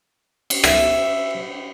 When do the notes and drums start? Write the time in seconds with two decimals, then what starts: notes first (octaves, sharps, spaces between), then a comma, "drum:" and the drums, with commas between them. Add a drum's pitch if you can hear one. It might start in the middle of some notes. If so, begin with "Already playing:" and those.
0.50 drum: cymbal
0.64 E5, drum: rim click